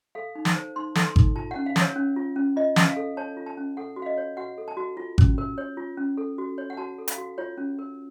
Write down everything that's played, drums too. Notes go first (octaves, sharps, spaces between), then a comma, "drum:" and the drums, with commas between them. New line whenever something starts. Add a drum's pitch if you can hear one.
A4 F5
D#4
A5, drum: snare
C5
D#4 C6
A4, drum: snare
C6
D#4, drum: kick G#1
F4 A5
F#5
C#4
F5
A#4, drum: snare
C#5
C#4
F4
C#4
F4 D#5
C#4, drum: snare
F5
A4
C#5 A5
F4
A5
C#4
A4 F#5
F#4
F5
D#5
C#5
F#4 F#5
A4
A5
F#4
F4
C#4, drum: kick G#1
A#4
C#5
F4
C#4
A4
F#4
C#5
F#5
F#4 A5
A4
F5, drum: hi-hat
F#4
F4 C#5
C#4
A#4